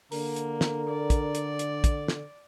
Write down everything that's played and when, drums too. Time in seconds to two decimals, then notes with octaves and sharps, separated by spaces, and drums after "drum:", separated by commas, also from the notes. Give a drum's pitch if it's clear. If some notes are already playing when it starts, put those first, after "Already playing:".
0.12 D3 A#3 A#4, drum: open hi-hat
0.36 drum: hi-hat
0.61 drum: snare
0.89 D5
1.10 drum: kick, hi-hat
1.35 drum: hi-hat
1.59 drum: hi-hat
1.84 drum: kick, hi-hat
2.08 drum: snare